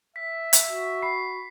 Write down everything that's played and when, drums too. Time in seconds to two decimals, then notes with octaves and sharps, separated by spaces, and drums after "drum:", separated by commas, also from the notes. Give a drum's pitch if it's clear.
0.16 E5 B6
0.53 drum: hi-hat
0.68 F#4
1.03 B5 C7